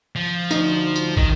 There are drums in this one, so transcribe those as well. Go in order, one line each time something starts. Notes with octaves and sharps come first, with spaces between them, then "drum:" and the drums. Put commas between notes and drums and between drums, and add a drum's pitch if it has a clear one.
F3
D2 D#4, drum: tambourine
drum: tambourine
D#3, drum: kick